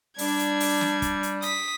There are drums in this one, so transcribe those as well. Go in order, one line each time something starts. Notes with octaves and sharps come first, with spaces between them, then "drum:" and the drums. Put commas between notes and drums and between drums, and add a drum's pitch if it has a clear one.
G3 D4 G#6, drum: open hi-hat
drum: hi-hat
drum: open hi-hat
drum: snare
drum: kick, hi-hat
drum: hi-hat
D#6 B6, drum: hi-hat